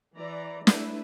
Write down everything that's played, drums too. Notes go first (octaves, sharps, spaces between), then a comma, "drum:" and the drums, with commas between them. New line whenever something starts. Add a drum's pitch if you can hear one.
E3 D5 A#5
A3 D4 E4 B4, drum: snare